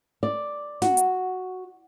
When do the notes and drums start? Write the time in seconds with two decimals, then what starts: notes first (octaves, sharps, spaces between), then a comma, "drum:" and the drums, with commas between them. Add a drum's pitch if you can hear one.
0.23 D5
0.82 F#4, drum: snare
0.97 drum: hi-hat